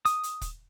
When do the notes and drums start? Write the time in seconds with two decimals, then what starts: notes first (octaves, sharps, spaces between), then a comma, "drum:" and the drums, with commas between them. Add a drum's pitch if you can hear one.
0.05 D#6, drum: hi-hat
0.23 drum: hi-hat
0.41 drum: kick, hi-hat